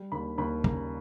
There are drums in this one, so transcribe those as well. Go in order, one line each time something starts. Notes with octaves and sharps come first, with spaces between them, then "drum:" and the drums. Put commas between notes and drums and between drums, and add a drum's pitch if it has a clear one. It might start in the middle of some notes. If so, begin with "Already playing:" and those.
Already playing: G3
D#2 B5
D#2 B5
C#3 A#5, drum: kick